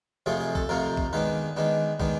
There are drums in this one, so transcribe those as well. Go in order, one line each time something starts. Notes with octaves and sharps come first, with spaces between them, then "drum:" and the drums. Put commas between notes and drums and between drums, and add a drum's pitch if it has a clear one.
F2 C3 F3 A3 C4 G#4
G#4
A4, drum: kick
F2 C3 F3 A3 C4 A#4
drum: kick
D#3 G#3 B3 D4 B4
D#3 G#3 B3 D4
D#3 G#3 B3 D4, drum: kick